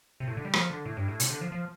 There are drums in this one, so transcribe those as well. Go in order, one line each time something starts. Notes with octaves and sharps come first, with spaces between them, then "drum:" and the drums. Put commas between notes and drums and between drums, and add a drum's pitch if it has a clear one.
C3
A2
D3
G3
F3, drum: rim click
D3
A2
G2
A2
C3, drum: hi-hat
D3
F3
F3